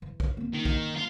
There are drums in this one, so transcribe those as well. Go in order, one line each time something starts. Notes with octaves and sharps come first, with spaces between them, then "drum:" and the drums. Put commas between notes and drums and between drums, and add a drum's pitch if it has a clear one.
E3
drum: kick
A#3 C4
D#3
drum: kick
F4